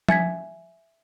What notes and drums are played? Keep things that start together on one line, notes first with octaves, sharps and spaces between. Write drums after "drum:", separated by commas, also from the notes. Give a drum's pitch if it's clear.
E5 G#5 G#6 B6, drum: tom F3